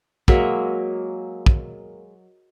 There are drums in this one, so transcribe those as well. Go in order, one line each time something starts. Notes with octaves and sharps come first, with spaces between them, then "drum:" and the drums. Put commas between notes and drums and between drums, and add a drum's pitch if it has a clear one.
F#3 G#3 A#3 E5, drum: kick
drum: kick